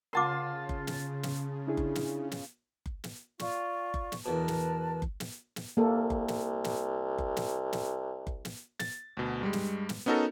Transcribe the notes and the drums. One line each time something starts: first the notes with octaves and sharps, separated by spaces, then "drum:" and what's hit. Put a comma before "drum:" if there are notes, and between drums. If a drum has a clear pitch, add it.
C#3 F4 A#4 F#5 A5 C6 D6
drum: kick F#1
drum: snare
drum: snare
D4 E4 G#4
drum: kick F#1
drum: snare
drum: snare
drum: kick F#1
drum: snare
F4 D5 C#6, drum: snare
drum: kick F#1
drum: snare
E2 B2 A#4 B4 A5
drum: snare
drum: kick F#1
drum: snare
drum: snare
C2 A#3 A4
drum: kick F#1
drum: snare
drum: snare
drum: kick F#1
drum: snare
drum: snare
drum: kick F#1
drum: snare
A6, drum: snare
D2 B2
G2 G3 G#3
drum: snare
drum: snare
B3 C#4 D#4 F#4 A4 A#4